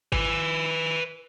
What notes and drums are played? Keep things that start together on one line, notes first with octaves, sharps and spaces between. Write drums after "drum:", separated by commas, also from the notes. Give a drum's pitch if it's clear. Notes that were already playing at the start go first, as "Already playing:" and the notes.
B4 G#5, drum: kick G#1